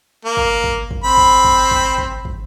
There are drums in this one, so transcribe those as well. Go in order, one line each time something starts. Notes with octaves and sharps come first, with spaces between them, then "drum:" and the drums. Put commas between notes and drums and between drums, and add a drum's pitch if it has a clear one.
A#3
drum: kick
drum: kick
drum: kick
C4 B5
drum: kick
drum: kick
drum: kick
drum: kick
drum: kick